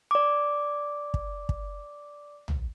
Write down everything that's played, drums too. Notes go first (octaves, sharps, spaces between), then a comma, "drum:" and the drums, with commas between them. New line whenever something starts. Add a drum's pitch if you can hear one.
D5 D6
drum: kick
drum: kick
drum: tom B1